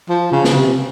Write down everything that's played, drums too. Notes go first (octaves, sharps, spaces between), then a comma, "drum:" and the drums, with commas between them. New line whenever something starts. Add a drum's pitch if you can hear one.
F3
C#3
drum: snare
C3